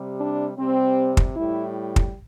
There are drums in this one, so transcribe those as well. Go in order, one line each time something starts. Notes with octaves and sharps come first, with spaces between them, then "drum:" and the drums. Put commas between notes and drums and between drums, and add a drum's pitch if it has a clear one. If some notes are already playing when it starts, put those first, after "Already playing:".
Already playing: C3 G3
D4
C3 G3 C4
drum: kick
A2 G3 E4
drum: kick